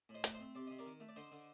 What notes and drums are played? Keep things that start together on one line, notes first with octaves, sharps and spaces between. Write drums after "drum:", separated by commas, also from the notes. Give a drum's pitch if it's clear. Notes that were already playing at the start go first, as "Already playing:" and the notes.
A2
C5 D#5
A3, drum: hi-hat
C5 D#5
C4
C3 D5
C3 D#5
A#4 D5
D#3
A3
D5
D3 C5 D#5
D3